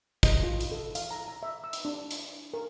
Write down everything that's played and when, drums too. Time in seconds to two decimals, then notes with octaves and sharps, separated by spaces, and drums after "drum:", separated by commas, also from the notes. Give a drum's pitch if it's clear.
0.23 D#5, drum: kick, hi-hat
0.43 F4
0.61 drum: hi-hat
0.72 A4
0.95 F5, drum: hi-hat
1.11 A#5
1.28 A#5
1.43 E5
1.64 E6
1.73 drum: hi-hat
1.85 D4
2.11 drum: hi-hat
2.54 A#4